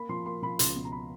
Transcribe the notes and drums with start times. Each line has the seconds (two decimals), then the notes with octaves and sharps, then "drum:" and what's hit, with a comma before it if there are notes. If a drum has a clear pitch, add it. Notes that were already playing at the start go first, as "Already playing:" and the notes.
Already playing: A#3 B5
0.09 F3 C6
0.26 A#3 C6
0.42 F3 B5
0.59 C#2 C6, drum: hi-hat
0.76 B2
0.85 A#5
0.92 B5